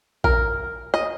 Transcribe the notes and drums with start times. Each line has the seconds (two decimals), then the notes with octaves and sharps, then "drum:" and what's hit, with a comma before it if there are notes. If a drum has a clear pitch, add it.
0.24 A#4, drum: kick A1
0.94 D#5